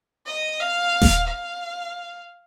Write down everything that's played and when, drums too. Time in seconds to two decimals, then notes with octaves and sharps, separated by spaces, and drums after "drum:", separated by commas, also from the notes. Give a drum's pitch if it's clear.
0.26 D#5
0.60 F5
1.01 drum: snare D#1
1.27 F5